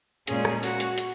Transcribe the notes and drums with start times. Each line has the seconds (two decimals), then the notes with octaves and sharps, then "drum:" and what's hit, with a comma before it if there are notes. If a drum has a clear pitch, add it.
0.27 A#2 G#3 C#4 G#4, drum: hi-hat
0.45 drum: rim click
0.63 F#4, drum: open hi-hat
0.80 drum: hi-hat
0.98 drum: hi-hat